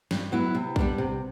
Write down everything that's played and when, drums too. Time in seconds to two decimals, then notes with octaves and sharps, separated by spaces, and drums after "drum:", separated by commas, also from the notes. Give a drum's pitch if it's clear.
0.11 G2, drum: snare
0.32 F#3 B3 E4
0.55 C3
0.76 G3 B3 D4, drum: kick
0.98 C3